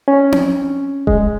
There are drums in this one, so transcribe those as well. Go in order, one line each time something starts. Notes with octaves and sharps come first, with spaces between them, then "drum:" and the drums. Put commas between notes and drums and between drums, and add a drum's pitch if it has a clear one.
C#4
drum: tom C4
G#3, drum: kick D#1